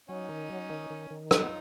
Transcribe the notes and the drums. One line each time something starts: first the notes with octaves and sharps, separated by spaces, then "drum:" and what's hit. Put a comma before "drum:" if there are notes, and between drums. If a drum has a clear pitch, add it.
F#3 C#4 D#4
D#3
F#3
D#3
D#3
D#3
B3 D#4 F4, drum: rim click